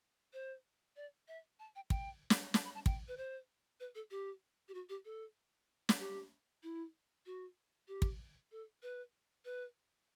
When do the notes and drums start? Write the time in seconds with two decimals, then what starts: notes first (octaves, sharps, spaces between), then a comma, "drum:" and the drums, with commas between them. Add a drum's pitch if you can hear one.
0.33 C5
0.96 D5
1.28 E5
1.59 A5
1.76 G5
1.90 G5, drum: kick
2.30 drum: snare
2.54 A5, drum: snare
2.65 B5
2.75 A5
2.86 G5, drum: kick
3.08 B4
3.17 C5
3.80 B4
3.95 A4
4.11 G4
4.68 G4
4.74 F#4
4.89 G4
5.05 A4
5.89 drum: snare
6.00 G4
6.63 E4
7.26 F#4
7.88 G4
8.02 drum: kick
8.52 A4
8.83 B4
9.45 B4